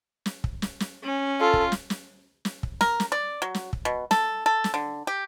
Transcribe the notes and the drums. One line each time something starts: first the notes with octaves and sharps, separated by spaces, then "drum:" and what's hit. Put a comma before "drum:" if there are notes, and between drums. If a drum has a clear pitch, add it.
drum: snare
drum: kick
drum: snare
drum: snare
C#4
F4 A4
drum: kick
drum: snare
drum: snare
drum: snare
drum: kick
A#4, drum: snare
drum: snare
D5
F#3
drum: snare
drum: kick
B2
A4, drum: snare
A4
drum: snare
D3
G4